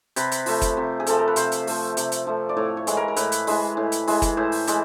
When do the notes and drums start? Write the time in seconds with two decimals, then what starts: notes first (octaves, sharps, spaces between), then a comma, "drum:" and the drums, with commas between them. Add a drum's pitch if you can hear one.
0.16 C3 B4, drum: hi-hat
0.32 drum: hi-hat
0.46 F3 A3, drum: open hi-hat
0.62 drum: kick F#1, hi-hat
0.77 C3
1.00 G#4
1.07 F3 A3 A4, drum: hi-hat
1.18 A#4
1.28 B4
1.36 C3 C5, drum: hi-hat
1.52 drum: hi-hat
1.67 F3 A3, drum: open hi-hat
1.97 C3, drum: hi-hat
2.12 drum: hi-hat
2.27 F3 A3
2.49 D5
2.57 A2 C#5
2.77 C#5
2.87 E3 G#3, drum: hi-hat
2.97 A#4
3.08 A#4
3.16 A2 B4, drum: hi-hat
3.32 drum: hi-hat
3.47 E3 G#3, drum: open hi-hat
3.77 A2
3.92 drum: hi-hat
4.07 E3 G#3, drum: open hi-hat
4.22 drum: kick F#1, hi-hat
4.37 A2 C5
4.52 drum: open hi-hat
4.67 E3 G#3, drum: hi-hat